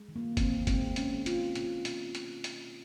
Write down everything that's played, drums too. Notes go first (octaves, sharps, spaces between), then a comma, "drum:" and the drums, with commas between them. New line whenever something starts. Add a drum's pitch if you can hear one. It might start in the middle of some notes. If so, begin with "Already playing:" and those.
Already playing: G#3
D#3
A#3
D#3 C4, drum: kick F#1, hi-hat
G#3 C4, drum: kick F#1, hi-hat
G#3 C#4, drum: hi-hat
A#3 F4, drum: hi-hat
B2, drum: hi-hat
B2, drum: hi-hat
drum: hi-hat
drum: hi-hat